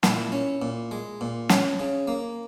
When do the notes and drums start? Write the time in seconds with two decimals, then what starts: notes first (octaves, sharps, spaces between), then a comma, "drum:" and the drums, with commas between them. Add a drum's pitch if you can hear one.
0.03 A#2 E4, drum: snare
0.32 C#4
0.62 A#2
0.91 G#3
1.21 A#2
1.49 C#4, drum: snare
1.79 C#3
2.08 A#3